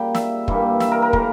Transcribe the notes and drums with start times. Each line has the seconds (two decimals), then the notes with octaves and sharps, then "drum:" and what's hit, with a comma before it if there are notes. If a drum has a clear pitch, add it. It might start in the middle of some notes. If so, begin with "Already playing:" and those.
Already playing: A#2 C#3 G3 A#3 G5
0.15 E5, drum: snare
0.48 G2 E3 G3 A#3, drum: kick
0.80 E5, drum: snare
0.92 A#4
1.02 A#4
1.13 A2 E3 A#3 A#4, drum: kick